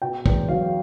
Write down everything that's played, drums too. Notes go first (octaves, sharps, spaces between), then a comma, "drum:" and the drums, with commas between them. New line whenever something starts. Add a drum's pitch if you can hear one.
B2 G5
E2, drum: kick
F#3 F5